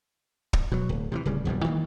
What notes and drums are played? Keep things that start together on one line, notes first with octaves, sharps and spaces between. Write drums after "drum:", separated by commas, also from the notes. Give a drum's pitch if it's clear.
drum: kick
B2 F#3
D1
C3 D#3 E3
D1 C#3 G3
D#1 B1 F2 G3
D#3 E3 A#3